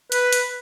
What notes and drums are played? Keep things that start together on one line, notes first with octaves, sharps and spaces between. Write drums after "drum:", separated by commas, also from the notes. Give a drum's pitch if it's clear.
B4, drum: hi-hat
drum: hi-hat